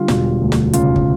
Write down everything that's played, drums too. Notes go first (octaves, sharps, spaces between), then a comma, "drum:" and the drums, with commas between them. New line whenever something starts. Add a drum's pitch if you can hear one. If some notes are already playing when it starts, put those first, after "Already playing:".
Already playing: D3 G3 F4
E1, drum: snare
D2
drum: snare
C#3 F4, drum: hi-hat
drum: kick